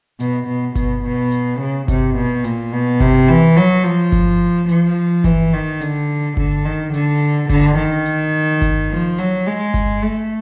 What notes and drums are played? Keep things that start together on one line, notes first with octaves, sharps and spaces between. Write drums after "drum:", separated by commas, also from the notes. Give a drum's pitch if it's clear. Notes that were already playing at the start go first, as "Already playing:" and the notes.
B2, drum: hi-hat
B2
B2, drum: kick G1, hi-hat
B2
drum: hi-hat
C#3
C3, drum: kick G1, hi-hat
B2
A#2, drum: hi-hat
B2
C3, drum: kick G1, hi-hat
E3
F#3, drum: hi-hat
F3
drum: kick G1, hi-hat
F3, drum: hi-hat
E3, drum: kick G1, hi-hat
D#3
D3, drum: hi-hat
D3, drum: kick G1
D#3
D3, drum: hi-hat
D3, drum: kick G1, hi-hat
D#3
drum: hi-hat
drum: kick G1, hi-hat
F3
F#3, drum: hi-hat
G#3
drum: kick G1, hi-hat
A3